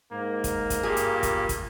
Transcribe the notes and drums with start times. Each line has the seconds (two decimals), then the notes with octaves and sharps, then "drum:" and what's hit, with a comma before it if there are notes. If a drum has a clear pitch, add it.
0.12 G#2 A#3
0.44 drum: kick, hi-hat
0.70 drum: kick, hi-hat
0.83 G2 F4 G4 G#4
0.96 drum: hi-hat
1.23 drum: kick, hi-hat
1.49 drum: kick, hi-hat